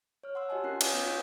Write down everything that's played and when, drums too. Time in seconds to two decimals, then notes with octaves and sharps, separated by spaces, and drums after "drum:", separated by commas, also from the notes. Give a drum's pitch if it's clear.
0.23 C#5 F6
0.35 F#5 C6 E6
0.49 F#4 G4 D#5 F#5 G#5 A5
0.64 C#4 F4 A#4 F#6 C7
0.81 B4 C#5 D#5 G#5 D6 D#6, drum: cymbal
0.94 B3 F4